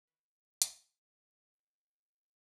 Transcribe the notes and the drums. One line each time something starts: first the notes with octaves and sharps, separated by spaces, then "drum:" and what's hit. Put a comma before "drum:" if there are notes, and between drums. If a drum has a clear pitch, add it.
D#3 B4
drum: hi-hat
D4 G5